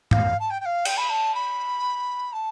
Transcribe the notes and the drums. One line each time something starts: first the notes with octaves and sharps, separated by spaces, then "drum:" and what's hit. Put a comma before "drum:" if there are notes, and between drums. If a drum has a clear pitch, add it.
F5, drum: tom G#2
A5
G5
G5
F5
G5, drum: cymbal
B5
A5
B5
A5